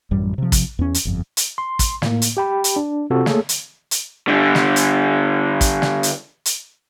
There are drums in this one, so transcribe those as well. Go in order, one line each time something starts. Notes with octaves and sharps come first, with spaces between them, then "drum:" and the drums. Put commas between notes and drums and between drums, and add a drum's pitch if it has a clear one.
A1 F#2 G3
C3 F3
drum: kick, hi-hat
E2 C#4
drum: hi-hat
G1 F2
drum: hi-hat
C6
drum: kick, hi-hat
A2 A#3, drum: snare
drum: hi-hat
G4 G5 B5
drum: hi-hat
D4
C3 C4 F4 F#4 A4
A3 A#3 G#4 A4 C#5, drum: snare
drum: hi-hat
drum: hi-hat
D3 G3
drum: snare
drum: hi-hat
drum: kick, hi-hat
drum: snare
drum: hi-hat
drum: hi-hat